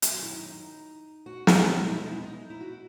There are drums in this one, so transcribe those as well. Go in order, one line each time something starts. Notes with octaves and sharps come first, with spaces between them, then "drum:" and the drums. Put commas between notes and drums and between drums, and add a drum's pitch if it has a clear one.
F#2 D#3 F#3 G#4, drum: hi-hat
F#4
E4
D#4
F#4
G#4, drum: snare
E2 B2 G#3 B3 E4
E4
D#4
E4
D#4
E4
F#4